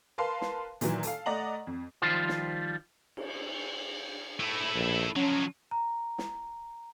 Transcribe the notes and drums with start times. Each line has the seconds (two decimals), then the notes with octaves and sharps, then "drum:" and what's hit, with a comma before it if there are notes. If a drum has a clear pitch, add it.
0.18 A#4 B4 F5 A5 C6
0.41 drum: snare
0.81 A#2 D#3 E3 F#3, drum: hi-hat
1.03 A4 F5, drum: hi-hat
1.26 A3 D5 D#5 F#5 A#5 F#7
1.67 F2
2.02 D#3 F3 G3 F4 C5
2.29 drum: snare
3.17 drum: cymbal
4.40 A3 E4
4.75 A#1
5.16 F3 F#3 C#4
5.71 A#5
6.18 drum: snare